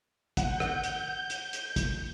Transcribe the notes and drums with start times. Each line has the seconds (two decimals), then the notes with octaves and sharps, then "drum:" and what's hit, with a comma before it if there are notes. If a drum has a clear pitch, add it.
0.37 F#5 G6, drum: kick, hi-hat
0.60 drum: rim click
0.84 drum: hi-hat
1.30 drum: hi-hat
1.53 drum: hi-hat
1.76 drum: kick, hi-hat